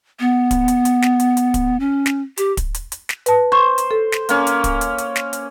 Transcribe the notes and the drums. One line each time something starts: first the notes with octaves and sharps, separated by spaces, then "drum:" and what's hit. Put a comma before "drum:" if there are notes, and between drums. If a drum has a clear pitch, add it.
B3
drum: kick, hi-hat
drum: hi-hat
drum: hi-hat
drum: snare
drum: hi-hat
drum: hi-hat
drum: kick, hi-hat
C#4
drum: snare
G4, drum: hi-hat
drum: kick, hi-hat
drum: hi-hat
drum: hi-hat
drum: snare
B4 A5, drum: hi-hat
C5 C#6
drum: hi-hat
A4
drum: snare
A#3 C#4, drum: hi-hat
drum: hi-hat
drum: kick, hi-hat
drum: hi-hat
drum: hi-hat
drum: snare
drum: hi-hat